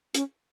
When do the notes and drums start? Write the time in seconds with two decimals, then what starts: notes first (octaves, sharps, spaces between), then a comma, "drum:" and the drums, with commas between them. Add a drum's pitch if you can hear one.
0.14 C#4, drum: hi-hat